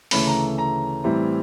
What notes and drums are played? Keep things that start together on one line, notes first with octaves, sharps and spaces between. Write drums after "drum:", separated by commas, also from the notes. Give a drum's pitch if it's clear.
D2 C#3 E3 A3 C#4 B5, drum: open hi-hat
A#5
A#5
A2 E3 G3 C4 E4